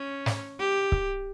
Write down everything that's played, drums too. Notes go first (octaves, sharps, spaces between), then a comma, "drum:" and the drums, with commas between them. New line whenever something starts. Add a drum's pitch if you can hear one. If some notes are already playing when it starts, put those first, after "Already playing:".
Already playing: C#4
drum: snare
G4
drum: kick C#1